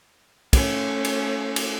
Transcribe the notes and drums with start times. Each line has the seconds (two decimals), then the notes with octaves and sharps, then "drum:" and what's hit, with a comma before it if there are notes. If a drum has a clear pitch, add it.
0.53 A3 C#4, drum: kick, cymbal
1.05 drum: cymbal
1.56 drum: cymbal